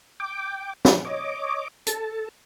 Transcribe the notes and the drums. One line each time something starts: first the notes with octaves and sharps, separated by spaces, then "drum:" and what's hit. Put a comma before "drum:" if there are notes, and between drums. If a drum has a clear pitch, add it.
G5 D6
drum: snare
C#5 D#5 D6
A4 A5, drum: hi-hat